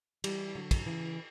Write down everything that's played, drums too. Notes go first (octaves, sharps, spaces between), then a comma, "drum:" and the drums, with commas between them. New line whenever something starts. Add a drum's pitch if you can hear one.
E3 G3, drum: cymbal
D3 F#3
drum: kick, cymbal
C#3 E3